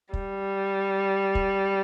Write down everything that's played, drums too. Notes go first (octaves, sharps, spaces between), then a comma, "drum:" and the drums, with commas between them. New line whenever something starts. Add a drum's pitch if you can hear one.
G3, drum: kick
drum: kick